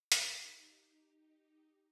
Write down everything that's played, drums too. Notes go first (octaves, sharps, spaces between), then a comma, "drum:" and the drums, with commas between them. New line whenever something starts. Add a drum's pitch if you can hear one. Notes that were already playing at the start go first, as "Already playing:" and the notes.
D#4 G4, drum: hi-hat